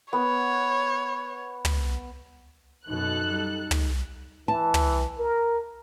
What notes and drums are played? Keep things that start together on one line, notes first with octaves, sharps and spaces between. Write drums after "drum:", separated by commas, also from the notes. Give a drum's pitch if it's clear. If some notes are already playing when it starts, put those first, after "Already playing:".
B3 C#5
drum: tom
F#2 B2 D#4 A4 F#6
G3
drum: tom
E3 A5
drum: tom
A#4